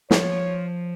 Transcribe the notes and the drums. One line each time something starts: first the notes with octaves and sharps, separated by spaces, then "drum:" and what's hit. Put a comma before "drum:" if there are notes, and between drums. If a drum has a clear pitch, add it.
F3 C#5, drum: snare